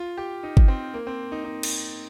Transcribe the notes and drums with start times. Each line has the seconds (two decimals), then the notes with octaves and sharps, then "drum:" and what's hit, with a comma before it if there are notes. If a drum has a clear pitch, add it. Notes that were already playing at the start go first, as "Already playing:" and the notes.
Already playing: F4
0.17 G4
0.43 D#4
0.57 drum: kick G1
0.68 C4
0.94 A#3
1.07 C4
1.32 D#4
1.45 D#4
1.63 drum: cymbal